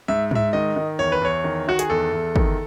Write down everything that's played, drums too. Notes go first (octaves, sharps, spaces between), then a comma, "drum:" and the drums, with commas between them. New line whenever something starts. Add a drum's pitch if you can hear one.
G#2 E5
G#2 E5, drum: tom G#2
D#3 D#5
D#3
E2 C#5
B4
E2 C#5
D#3
D#3 F#4
G#4, drum: hi-hat
E2 A4
E2
D#3, drum: kick